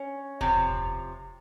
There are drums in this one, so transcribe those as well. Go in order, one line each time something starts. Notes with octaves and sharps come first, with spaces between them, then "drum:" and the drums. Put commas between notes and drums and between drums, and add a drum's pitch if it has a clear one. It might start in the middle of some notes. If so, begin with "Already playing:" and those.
Already playing: C#4
C3 F3, drum: kick E1
drum: kick E1